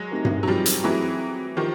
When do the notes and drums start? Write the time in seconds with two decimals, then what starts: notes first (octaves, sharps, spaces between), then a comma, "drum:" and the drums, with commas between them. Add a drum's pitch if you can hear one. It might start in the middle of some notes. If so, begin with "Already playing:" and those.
Already playing: F#3 G#3
0.11 A3 C4 D#4 G4 A#4
0.25 drum: tom G2
0.43 F#3
0.48 F3 G3
0.66 drum: hi-hat
0.84 E3 F#3 A3 C4 E4 G#4
1.57 D#3 F3 G4 C5